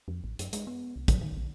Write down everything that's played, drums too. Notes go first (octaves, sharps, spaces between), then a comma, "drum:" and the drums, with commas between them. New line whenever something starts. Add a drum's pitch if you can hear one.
F2
A1
F#2, drum: hi-hat
G#3, drum: hi-hat
B3
C2
F#3, drum: kick, hi-hat
D#3
A#1